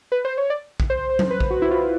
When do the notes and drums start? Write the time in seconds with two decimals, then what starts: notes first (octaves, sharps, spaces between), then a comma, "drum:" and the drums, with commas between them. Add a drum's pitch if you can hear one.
0.12 B4
0.25 C5
0.38 C#5
0.50 D5
0.80 drum: kick A#1
0.90 C5
1.10 C5
1.19 drum: tom F#3
1.31 B4
1.40 drum: kick A#1
1.50 F#4
1.62 E4
1.71 F4